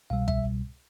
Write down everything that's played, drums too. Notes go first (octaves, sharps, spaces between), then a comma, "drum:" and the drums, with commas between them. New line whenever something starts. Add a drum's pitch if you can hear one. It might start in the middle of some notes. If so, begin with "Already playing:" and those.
C2 B2 G3 F5
E5, drum: kick